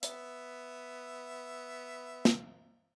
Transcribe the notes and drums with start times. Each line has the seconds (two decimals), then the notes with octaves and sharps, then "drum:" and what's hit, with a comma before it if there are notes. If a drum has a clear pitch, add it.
0.03 B3 E5, drum: hi-hat
2.25 drum: snare